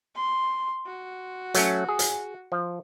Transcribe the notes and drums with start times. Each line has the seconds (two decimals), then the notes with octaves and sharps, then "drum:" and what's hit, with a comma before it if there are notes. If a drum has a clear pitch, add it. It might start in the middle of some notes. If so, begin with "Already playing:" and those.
0.15 C6
0.86 F#4
1.54 F#3 A3 C#4, drum: hi-hat
1.89 G#4
1.99 drum: hi-hat
2.52 F3